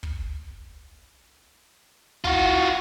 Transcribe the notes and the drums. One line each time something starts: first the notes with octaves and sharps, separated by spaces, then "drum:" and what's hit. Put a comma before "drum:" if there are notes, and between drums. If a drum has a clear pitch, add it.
drum: kick
F4 F#4, drum: kick